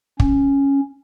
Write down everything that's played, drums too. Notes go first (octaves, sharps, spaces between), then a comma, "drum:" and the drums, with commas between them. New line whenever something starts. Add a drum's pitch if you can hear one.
C#4, drum: kick